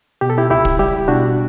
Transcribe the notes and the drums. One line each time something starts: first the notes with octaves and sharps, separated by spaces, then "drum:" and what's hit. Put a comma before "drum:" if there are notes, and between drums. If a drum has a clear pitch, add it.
B2 G4
A4
E4 G4
C#2 E4 G4
drum: kick
G3 E4 G4
B2 D4 F#4